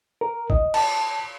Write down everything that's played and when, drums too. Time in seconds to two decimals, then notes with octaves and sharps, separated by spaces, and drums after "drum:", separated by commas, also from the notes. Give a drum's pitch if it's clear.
0.21 A#4
0.50 D#5, drum: kick G#1
0.74 A5, drum: cymbal